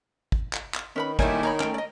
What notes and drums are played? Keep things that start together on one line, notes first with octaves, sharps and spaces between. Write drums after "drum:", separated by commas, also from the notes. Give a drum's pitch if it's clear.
drum: kick
drum: clap
drum: clap
D#3 C#4 B4 B5
D#3 G3 A3 A#3 E4 C#5 G#5, drum: kick
D#4 A#4 C#5 B5
A3 C#4 G5, drum: clap
D5 D#5